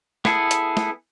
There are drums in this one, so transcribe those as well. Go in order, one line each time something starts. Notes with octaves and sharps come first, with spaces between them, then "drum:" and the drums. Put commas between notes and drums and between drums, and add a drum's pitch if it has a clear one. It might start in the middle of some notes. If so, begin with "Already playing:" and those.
B3 E4 G#4 A4, drum: snare
drum: hi-hat
drum: snare